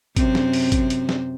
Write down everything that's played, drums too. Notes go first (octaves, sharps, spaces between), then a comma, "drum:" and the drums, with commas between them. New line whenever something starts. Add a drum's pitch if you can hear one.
F#2 C3 C4, drum: kick, hi-hat
drum: snare
drum: open hi-hat
drum: kick, hi-hat
drum: hi-hat
drum: snare